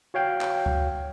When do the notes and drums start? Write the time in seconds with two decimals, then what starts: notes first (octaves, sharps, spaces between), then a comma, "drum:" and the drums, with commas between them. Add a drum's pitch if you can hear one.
0.14 F#4 C#5 F5 G5
0.41 drum: clap
0.66 drum: kick C#2